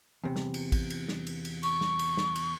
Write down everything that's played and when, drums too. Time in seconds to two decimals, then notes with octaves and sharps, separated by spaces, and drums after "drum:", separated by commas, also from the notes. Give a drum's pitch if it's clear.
0.24 E2 C3
0.36 drum: snare
0.54 drum: cymbal
0.72 drum: kick, cymbal
0.90 drum: cymbal
1.08 drum: snare
1.27 drum: cymbal
1.45 drum: cymbal
1.63 C#6, drum: cymbal
1.81 drum: snare
1.99 drum: cymbal
2.17 drum: snare
2.36 drum: cymbal